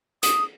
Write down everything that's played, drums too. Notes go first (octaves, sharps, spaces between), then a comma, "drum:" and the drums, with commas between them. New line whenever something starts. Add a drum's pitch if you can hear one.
D#6, drum: hi-hat